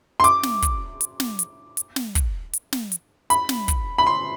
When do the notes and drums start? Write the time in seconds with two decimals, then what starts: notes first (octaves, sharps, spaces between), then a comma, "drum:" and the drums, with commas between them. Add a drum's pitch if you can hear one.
0.20 C6
0.24 D6, drum: hi-hat
0.43 drum: snare
0.62 drum: kick, hi-hat
1.01 drum: hi-hat
1.20 drum: snare
1.39 drum: hi-hat
1.77 drum: hi-hat
1.96 drum: snare
2.15 drum: kick, hi-hat
2.53 drum: hi-hat
2.72 drum: snare
2.92 drum: hi-hat
3.30 B5, drum: hi-hat
3.49 drum: snare
3.68 drum: kick, hi-hat
3.98 B5
4.07 C6